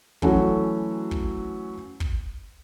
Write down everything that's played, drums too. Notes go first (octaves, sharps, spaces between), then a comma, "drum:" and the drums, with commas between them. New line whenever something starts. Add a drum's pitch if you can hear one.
E3 F#3 A3 C#4 F#4, drum: kick
drum: kick
drum: kick